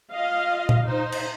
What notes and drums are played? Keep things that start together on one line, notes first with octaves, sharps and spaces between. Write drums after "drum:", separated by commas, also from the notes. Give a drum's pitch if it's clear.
F4 D#5 F5
drum: tom A#2
D#4 C5
drum: cymbal